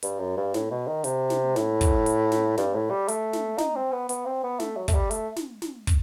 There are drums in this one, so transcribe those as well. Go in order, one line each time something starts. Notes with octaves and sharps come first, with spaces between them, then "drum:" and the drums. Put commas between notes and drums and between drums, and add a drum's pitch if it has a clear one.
G2, drum: hi-hat
F#2
G2
A2, drum: snare
B2
D#3
C3, drum: hi-hat
drum: snare
A2, drum: snare
drum: kick, hi-hat
drum: hi-hat
drum: snare
G2, drum: snare
A2
G3
A3, drum: hi-hat
drum: snare
D#4, drum: snare
C4
B3
B3, drum: hi-hat
C4
B3
A3, drum: snare
F#3
A3, drum: kick, hi-hat
G3
A3, drum: hi-hat
drum: snare
drum: snare
drum: kick, hi-hat